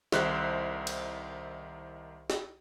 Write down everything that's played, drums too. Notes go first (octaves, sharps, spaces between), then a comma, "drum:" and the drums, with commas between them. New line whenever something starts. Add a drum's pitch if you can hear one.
C2 D#3 E4 A4 C5 F#6, drum: snare
drum: cymbal
drum: snare